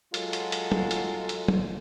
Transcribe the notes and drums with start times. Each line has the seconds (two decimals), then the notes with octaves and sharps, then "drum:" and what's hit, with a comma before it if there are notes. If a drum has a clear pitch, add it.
0.14 F#3 G#3 F4 F#4 A4, drum: hi-hat
0.33 drum: hi-hat
0.52 drum: hi-hat
0.72 drum: tom
0.91 drum: hi-hat
1.29 drum: hi-hat
1.48 drum: tom